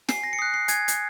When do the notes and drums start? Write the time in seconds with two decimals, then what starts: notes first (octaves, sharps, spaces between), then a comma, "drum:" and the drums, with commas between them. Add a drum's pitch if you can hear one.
0.09 G#5 C7, drum: snare
0.23 A#6
0.33 C#7
0.38 D#6 F#6 C7
0.54 C7
0.68 G#5 G#6, drum: hi-hat
0.88 drum: hi-hat